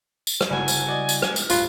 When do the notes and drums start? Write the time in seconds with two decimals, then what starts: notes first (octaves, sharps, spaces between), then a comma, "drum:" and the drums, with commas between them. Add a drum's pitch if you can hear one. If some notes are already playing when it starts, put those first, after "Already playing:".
0.27 drum: tambourine
0.41 drum: rim click
0.50 G1 C#3 G3 E4 F#4 G#5
0.68 drum: tambourine
0.86 F#4 D5 D#5
1.09 drum: tambourine
1.22 drum: rim click
1.36 drum: tambourine
1.50 D1 G2 F4 C6 F#6, drum: tambourine